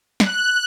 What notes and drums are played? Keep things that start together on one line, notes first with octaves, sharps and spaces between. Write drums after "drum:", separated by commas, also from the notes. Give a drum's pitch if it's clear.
F#6, drum: snare